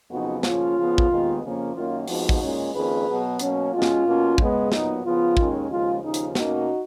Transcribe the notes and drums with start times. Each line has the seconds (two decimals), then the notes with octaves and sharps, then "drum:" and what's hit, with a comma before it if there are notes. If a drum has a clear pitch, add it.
0.10 F2 C#3 F#3 B3 D#4 F#4
0.43 C#3 F3 A#3 C#4 F4, drum: snare
0.77 C#3 F3 B3
0.98 drum: kick
1.10 D#2 D#3 G#3 B3
1.42 F2 C#3 F3 A#3 C#4
1.75 F#2 D#3 A#3 C#4 F4
2.08 F2 F3 G#3 B3 D#4 F#4, drum: open hi-hat
2.29 drum: kick
2.41 A#2 G#3 C#4
2.73 F2 D#3 A#3 C#4 G#4 B4
3.06 B2 F#3 B3
3.39 B2 F#3 A#3 C#4, drum: hi-hat
3.73 B2 G#3 C#4 F4
3.82 drum: snare
4.05 B2 A#3 C#4
4.38 C#3 G#3 B3, drum: kick
4.72 A#2 F#3 B3 D#4, drum: snare
5.04 C#3 F3 B3 F4
5.37 D#2 D#3 G#3 C#4, drum: kick
5.70 D#2 C#3 F3 G#3 F4
6.03 D#2 C#3 F3 D#4
6.14 drum: hi-hat
6.35 B2 A#3 C#4 D#4 F#4, drum: snare